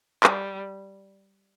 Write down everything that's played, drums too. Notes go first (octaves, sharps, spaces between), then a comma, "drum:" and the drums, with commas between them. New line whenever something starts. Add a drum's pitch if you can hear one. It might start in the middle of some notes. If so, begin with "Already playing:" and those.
G3, drum: clap